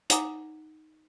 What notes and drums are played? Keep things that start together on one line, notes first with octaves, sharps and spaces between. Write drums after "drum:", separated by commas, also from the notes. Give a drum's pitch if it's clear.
D#4 F#5 G#5 A#5 D6 D#6, drum: hi-hat